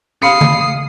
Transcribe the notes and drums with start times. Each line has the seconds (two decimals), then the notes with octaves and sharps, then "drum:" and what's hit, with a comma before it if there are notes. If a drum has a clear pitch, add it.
0.22 F5 B5 D#6 C7 C#7
0.41 drum: tom C#3